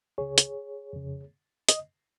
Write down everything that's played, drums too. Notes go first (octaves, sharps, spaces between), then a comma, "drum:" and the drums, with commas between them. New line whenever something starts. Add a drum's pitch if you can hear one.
C#2 C#3 G#4 C#5
drum: hi-hat
F2 C#3
D#5, drum: hi-hat